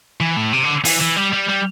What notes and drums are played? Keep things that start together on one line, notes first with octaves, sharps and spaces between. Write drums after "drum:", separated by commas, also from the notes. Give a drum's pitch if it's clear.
E3
A2
C3
D3
E3, drum: open hi-hat
E3
G3
G3
G3